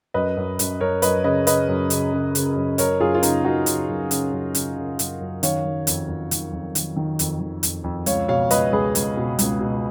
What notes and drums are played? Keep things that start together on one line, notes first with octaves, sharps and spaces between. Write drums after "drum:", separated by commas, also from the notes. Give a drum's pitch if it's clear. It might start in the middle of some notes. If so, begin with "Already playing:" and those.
F#2 B4 D#5
F#2
F#2, drum: hi-hat
F#2 A#4 C#5
F#2 B4 D#5, drum: hi-hat
C#3 B4 D#5
C#3 B4 D#5, drum: hi-hat
F#2
C#3, drum: hi-hat
C#3
C#3, drum: hi-hat
F#2
F#2 A#4 C#5, drum: hi-hat
F#2 F4 G#4
F4
C#3 D#4, drum: hi-hat
F#2 D#4 F#4
C#3, drum: hi-hat
F#2
C#3, drum: hi-hat
F#2
C#3, drum: hi-hat
C#3
F#2, drum: hi-hat
F#2
D#3 C#5 F5, drum: hi-hat
D#3
F2, drum: hi-hat
F2
D#3, drum: hi-hat
F2
D#3, drum: hi-hat
D#3
F2, drum: hi-hat
D#3
F2, drum: hi-hat
F2
C#2 C#5 F5, drum: hi-hat
B2 C#5 F5
C#2 B4 D#5, drum: hi-hat
C#2 G#4 B4
C#2, drum: hi-hat
B2
C#2, drum: hi-hat
B2